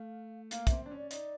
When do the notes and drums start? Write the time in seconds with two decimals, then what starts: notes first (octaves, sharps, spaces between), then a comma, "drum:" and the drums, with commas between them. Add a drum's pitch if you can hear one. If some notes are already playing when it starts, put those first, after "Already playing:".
Already playing: A3 F5
0.51 A#3 F5, drum: hi-hat
0.67 C4 E5, drum: kick, hi-hat
0.86 D4
0.91 C#4 D5
1.11 D#4 D5, drum: hi-hat